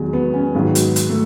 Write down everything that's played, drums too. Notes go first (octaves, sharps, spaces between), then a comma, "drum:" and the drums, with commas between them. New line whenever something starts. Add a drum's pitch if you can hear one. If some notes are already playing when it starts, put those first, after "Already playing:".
Already playing: E2 D#3 F#3 G#3
B3
C#4
G#2 D#3 F#3 B3
drum: hi-hat
drum: hi-hat
A3